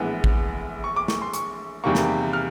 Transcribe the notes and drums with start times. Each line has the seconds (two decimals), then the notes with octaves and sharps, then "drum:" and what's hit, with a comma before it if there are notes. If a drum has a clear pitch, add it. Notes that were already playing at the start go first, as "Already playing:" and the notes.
Already playing: A#1 A2 E3 G#3 B3
0.24 drum: kick A1
0.84 C#6
0.96 D6
1.08 C#6, drum: snare
1.22 C6
1.34 C#6, drum: hi-hat
1.84 E2 C3 D#3 G3 A#3 C#6
1.95 drum: snare
2.33 F6